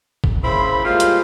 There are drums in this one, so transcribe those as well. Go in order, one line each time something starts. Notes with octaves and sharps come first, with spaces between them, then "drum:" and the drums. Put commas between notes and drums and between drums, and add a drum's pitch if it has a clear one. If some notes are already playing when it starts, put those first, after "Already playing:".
drum: kick G1
C#3 A#3 C4 E4 B5
G3 G#3 A#3 F4 C5 F5
drum: hi-hat